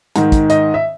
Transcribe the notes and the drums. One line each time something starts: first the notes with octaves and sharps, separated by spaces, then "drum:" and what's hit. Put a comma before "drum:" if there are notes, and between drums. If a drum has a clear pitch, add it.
G#2 D#3, drum: hi-hat
drum: kick, hi-hat
D#5, drum: hi-hat
E5